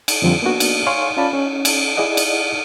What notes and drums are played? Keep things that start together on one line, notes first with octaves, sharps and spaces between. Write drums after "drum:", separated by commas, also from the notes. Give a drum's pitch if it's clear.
drum: cymbal
F2 D3 F3 G3 C4
A#3 B3 D4 F#4
drum: cymbal
C#5 F5 G#5 C6 C#6
C#4 F4 D5 F5 A5 B5
C#4
drum: cymbal
E4 G#4 D5 D#5 F#5
drum: cymbal